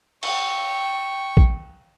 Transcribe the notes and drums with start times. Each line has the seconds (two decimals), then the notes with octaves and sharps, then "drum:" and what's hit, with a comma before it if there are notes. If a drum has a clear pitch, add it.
0.23 G5 C#6, drum: cymbal
1.37 drum: kick